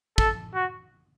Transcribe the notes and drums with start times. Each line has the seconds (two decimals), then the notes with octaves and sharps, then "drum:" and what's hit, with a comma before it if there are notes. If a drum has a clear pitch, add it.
0.18 A4, drum: kick
0.55 F#4